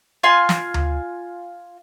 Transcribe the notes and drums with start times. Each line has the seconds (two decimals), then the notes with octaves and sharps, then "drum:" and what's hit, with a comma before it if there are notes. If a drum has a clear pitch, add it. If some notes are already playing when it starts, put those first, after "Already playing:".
0.23 F4 G#5 C6
0.49 drum: snare
0.74 drum: tom D2